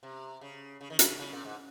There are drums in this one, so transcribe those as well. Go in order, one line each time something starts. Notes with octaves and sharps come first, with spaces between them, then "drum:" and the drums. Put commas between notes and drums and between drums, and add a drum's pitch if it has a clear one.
C3
C#3
C#3
D#3
C#3, drum: hi-hat
C#3
A#2
G#2